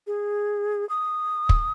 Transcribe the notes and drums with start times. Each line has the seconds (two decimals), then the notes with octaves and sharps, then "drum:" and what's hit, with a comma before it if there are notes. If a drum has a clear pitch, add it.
0.07 G#4
0.89 D#6
1.49 drum: kick